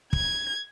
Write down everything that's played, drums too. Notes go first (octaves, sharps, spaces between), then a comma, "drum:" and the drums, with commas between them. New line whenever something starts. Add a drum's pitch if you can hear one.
G#6, drum: kick